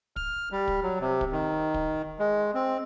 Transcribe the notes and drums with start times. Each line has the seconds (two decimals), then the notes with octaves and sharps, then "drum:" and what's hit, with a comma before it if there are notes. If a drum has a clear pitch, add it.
0.16 F6, drum: kick
0.52 G3
0.68 drum: kick
0.83 F#3
1.00 C3
1.21 drum: kick
1.32 D#3
1.74 drum: kick
2.19 G#3
2.54 C4